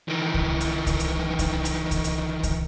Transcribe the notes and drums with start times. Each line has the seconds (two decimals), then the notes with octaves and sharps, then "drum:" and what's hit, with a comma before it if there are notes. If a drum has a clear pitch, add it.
0.08 D#3 E3
0.34 drum: kick C2
0.60 drum: hi-hat
0.86 drum: kick C2, hi-hat
1.00 drum: hi-hat
1.39 drum: kick C2, hi-hat
1.65 drum: hi-hat
1.91 drum: kick C2, hi-hat
2.04 drum: hi-hat
2.43 drum: kick C2, hi-hat